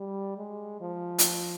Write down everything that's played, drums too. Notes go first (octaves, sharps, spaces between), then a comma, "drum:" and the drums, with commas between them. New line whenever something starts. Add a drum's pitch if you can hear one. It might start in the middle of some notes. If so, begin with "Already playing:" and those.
Already playing: G3
G#3
F3
drum: hi-hat